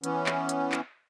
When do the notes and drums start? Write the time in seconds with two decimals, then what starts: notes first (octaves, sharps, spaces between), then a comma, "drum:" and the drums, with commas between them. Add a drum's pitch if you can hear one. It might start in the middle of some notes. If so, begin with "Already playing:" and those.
0.04 E3 B3 C#4, drum: hi-hat
0.26 drum: clap
0.49 drum: hi-hat
0.72 drum: clap